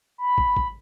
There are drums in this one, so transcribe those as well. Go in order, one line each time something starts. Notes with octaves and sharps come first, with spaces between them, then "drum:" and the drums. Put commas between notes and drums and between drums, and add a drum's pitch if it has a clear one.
B5
drum: kick
drum: kick